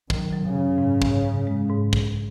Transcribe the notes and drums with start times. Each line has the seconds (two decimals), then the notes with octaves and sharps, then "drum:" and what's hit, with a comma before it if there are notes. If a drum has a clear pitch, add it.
0.10 D#3 F#3, drum: kick
0.32 F#3
0.45 C#3
0.55 F#2
0.78 G#2
1.02 G#2, drum: kick
1.24 G#2
1.47 G#3
1.69 G#2
1.93 drum: kick